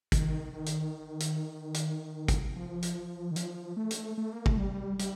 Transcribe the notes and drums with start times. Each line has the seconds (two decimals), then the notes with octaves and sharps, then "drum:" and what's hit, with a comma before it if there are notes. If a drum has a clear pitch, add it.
0.12 D#3, drum: kick, hi-hat
0.52 D#3
0.66 drum: hi-hat
1.20 drum: hi-hat
1.74 drum: hi-hat
2.28 drum: kick, hi-hat
2.56 F3
2.83 drum: hi-hat
3.31 D#3
3.36 F3, drum: hi-hat
3.77 A3
3.91 drum: hi-hat
4.18 A3
4.33 A#3
4.46 A3, drum: kick
4.58 G3
4.99 G3, drum: hi-hat